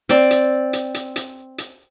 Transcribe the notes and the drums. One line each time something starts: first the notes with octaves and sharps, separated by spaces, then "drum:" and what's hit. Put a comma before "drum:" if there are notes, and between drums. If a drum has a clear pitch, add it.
C4 D5, drum: hi-hat
drum: hi-hat
drum: hi-hat
drum: hi-hat
drum: hi-hat
drum: hi-hat